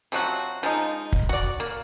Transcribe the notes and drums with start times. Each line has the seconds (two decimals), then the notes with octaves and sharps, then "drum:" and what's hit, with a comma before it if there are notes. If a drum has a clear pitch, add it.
0.12 C3 F3 F#3 F#4
0.63 F3 G#3 D#4
1.13 drum: kick
1.29 F#4 D5
1.60 A#3